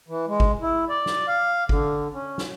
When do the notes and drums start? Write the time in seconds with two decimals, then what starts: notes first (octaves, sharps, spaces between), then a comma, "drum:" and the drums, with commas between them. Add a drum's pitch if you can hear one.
0.08 E3
0.28 G#3
0.40 drum: kick G#1
0.61 E4
0.89 D5
1.06 drum: snare
1.28 F5
1.69 D3, drum: kick G#1
2.13 C#4
2.38 drum: snare